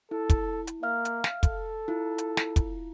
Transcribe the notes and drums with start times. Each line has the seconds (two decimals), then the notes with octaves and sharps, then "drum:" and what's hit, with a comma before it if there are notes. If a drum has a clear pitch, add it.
0.11 E4 A4
0.30 drum: kick, hi-hat
0.67 drum: hi-hat
0.83 A#3 E5 F5 F6
1.05 drum: hi-hat
1.24 drum: snare
1.43 A4, drum: kick, hi-hat
1.88 E4 F4
2.18 drum: hi-hat
2.37 drum: snare
2.56 drum: kick, hi-hat